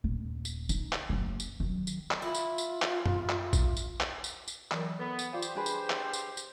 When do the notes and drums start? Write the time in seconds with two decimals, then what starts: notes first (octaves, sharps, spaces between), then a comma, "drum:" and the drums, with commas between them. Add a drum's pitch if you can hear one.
0.04 D#1
0.45 drum: tambourine
0.69 D#4, drum: tambourine
0.92 drum: clap
1.09 F#1 C#3
1.40 drum: tambourine
1.60 D#3 F#3
1.87 drum: tambourine
2.11 drum: clap
2.22 E4 F4
2.35 drum: tambourine
2.58 drum: tambourine
2.82 drum: clap
3.06 drum: tom F#2
3.29 drum: clap
3.53 drum: kick A#1, tambourine
3.77 drum: tambourine
4.00 drum: clap
4.24 drum: tambourine
4.48 drum: tambourine
4.71 E3 F#3 A#4, drum: clap
4.99 B3 A4
5.19 drum: tambourine
5.33 F4 G4 C5 D5 F5
5.42 drum: tambourine
5.55 D4 G#4 B4
5.66 drum: tambourine
5.90 drum: clap
6.13 drum: tambourine
6.37 drum: tambourine